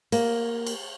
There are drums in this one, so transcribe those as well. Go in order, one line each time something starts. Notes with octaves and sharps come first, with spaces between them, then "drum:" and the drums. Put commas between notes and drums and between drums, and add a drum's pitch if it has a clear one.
A#3, drum: cymbal
drum: cymbal